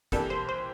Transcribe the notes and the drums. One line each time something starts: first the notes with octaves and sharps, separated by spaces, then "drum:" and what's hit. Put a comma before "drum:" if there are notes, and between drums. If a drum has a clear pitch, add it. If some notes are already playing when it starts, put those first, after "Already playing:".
E3 A#3 D4 G4 A4, drum: kick F#1, hi-hat
C5
C5